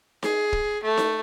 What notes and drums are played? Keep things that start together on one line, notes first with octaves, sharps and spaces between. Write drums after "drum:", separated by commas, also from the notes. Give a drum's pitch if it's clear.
G#4, drum: snare D#4
drum: kick
A3
drum: snare D#4